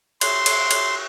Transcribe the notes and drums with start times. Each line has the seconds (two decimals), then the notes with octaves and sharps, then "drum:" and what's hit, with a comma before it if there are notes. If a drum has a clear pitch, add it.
0.21 C6, drum: cymbal
0.46 drum: cymbal
0.71 drum: cymbal